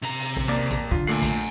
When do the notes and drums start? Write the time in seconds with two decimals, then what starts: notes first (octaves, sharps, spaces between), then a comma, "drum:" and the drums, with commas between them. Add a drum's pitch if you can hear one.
0.02 C3 A#5, drum: hi-hat
0.19 drum: hi-hat
0.37 drum: kick
0.48 D#2 A#3 D5
0.71 drum: kick, hi-hat
0.91 D3 F4
1.07 A#2 A3 F#5 G#5 C7
1.22 drum: kick, hi-hat